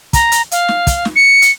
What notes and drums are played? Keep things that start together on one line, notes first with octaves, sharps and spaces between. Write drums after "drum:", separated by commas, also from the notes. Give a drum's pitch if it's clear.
A#5, drum: kick, hi-hat
drum: hi-hat
F5, drum: hi-hat
drum: snare
drum: kick, hi-hat
drum: snare
C#7
drum: hi-hat